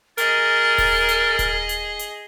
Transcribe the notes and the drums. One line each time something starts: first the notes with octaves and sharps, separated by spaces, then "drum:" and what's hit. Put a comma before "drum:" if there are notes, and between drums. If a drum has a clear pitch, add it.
G#4 A#4 D#5 A6, drum: hi-hat
drum: kick D#1, open hi-hat
drum: hi-hat
drum: kick D#1, hi-hat
drum: hi-hat
drum: hi-hat